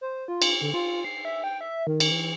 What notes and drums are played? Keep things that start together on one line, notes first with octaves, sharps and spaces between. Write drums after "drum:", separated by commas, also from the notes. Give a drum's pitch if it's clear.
C5
F4
drum: cymbal
D3
F4
C7
E5
G5
E5
D#3
drum: cymbal
E3